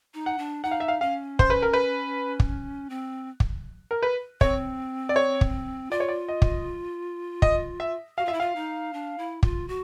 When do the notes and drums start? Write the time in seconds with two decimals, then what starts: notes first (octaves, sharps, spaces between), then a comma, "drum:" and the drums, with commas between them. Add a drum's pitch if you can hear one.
0.14 D#4
0.26 F#5
0.38 D4
0.64 D#4 F#5
0.71 F5
0.80 E5
0.88 F5
1.01 C#4 F5
1.39 C5, drum: kick
1.50 B4
1.62 A#4
1.73 B4
2.40 drum: kick
2.90 C4
3.40 drum: kick
3.91 A#4
4.03 B4
4.41 C4 C#5, drum: kick
5.09 D5
5.16 C#5
5.41 drum: kick
5.91 F4 D5
6.00 C#5
6.08 D5
6.29 D#5
6.42 drum: kick
7.42 D#5, drum: kick
7.80 E5
8.18 F#4 F5
8.25 F4 E5
8.33 E4
8.40 F4 F5
8.56 D#4
8.93 D4
9.18 E4
9.43 F4, drum: kick
9.68 F#4